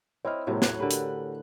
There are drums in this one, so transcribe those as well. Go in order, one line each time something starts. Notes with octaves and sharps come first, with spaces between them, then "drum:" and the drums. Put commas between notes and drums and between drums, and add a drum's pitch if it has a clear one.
C4 E4 C#5 D#5 F6
A2 C3 F#3 G#3 A#3
C#5 F#6, drum: snare
D3 G4 A#4 B4
drum: hi-hat